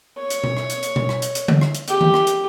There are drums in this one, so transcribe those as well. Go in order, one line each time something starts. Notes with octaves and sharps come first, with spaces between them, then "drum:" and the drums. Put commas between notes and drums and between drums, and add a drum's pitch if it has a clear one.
C#5
drum: hi-hat
drum: tom B2
drum: rim click
drum: hi-hat
drum: hi-hat
drum: tom B2
drum: rim click
drum: hi-hat
drum: hi-hat
drum: tom D3
drum: rim click
drum: hi-hat
G4, drum: hi-hat
drum: tom D#3
drum: rim click
drum: hi-hat